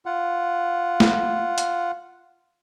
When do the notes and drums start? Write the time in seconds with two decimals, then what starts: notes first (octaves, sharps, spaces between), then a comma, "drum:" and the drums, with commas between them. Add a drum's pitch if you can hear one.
0.06 F4 F#5
1.00 drum: snare
1.58 drum: hi-hat